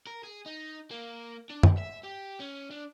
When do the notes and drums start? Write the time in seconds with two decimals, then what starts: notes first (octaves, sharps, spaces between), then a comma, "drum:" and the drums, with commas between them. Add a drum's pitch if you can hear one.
0.07 A#4
0.23 G#4
0.46 D#4
0.91 A#3
1.50 D4
1.63 drum: tom
1.78 E5
2.04 G4
2.40 C#4
2.71 D4